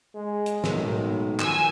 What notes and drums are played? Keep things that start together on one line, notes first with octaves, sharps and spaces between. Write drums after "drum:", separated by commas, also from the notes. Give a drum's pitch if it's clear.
G#3
drum: hi-hat
B1 A2 D#3 G#3, drum: snare
D#3 F3 F#4 G#5 E6, drum: clap